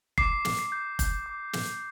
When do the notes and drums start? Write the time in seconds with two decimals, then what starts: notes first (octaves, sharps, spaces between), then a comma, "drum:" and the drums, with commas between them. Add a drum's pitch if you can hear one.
0.18 D6 C7, drum: kick F1
0.45 D6, drum: snare
0.59 C7
0.72 G6
0.99 G6, drum: kick F1, hi-hat
1.26 D6
1.53 D6, drum: snare